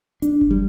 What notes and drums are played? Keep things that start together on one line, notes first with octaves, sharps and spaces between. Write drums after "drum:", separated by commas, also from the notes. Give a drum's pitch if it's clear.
D4, drum: hi-hat
drum: kick F#1
G3